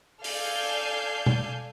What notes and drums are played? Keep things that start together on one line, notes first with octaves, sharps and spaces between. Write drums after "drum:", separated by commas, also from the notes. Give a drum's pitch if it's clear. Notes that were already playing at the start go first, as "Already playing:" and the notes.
A4 D5 F5 G#5 G6, drum: open hi-hat
drum: tom B2